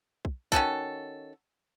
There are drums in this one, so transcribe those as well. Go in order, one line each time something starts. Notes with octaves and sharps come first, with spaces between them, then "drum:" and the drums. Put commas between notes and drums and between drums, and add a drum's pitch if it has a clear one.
drum: kick
D#3 C#4 F#4 A4, drum: kick